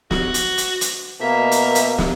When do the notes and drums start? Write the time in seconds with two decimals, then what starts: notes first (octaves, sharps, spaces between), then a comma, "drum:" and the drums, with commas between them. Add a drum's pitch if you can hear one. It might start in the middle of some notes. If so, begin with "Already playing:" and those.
0.11 F#4, drum: snare
0.34 drum: hi-hat
0.58 drum: hi-hat
0.81 drum: hi-hat
1.21 B2 A#3 E5
1.51 drum: hi-hat
1.75 drum: hi-hat
1.98 drum: snare